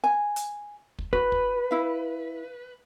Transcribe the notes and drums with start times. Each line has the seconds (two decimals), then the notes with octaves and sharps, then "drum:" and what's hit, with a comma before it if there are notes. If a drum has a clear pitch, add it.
0.04 G#5
0.36 drum: hi-hat
0.99 drum: kick
1.13 F#4 B4, drum: kick
1.32 drum: kick
1.71 E4 F5